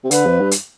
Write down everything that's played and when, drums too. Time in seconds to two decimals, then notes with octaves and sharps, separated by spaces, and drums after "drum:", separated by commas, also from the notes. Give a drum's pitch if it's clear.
0.04 C3
0.11 D3 B4, drum: hi-hat
0.26 F2
0.41 G2
0.51 drum: hi-hat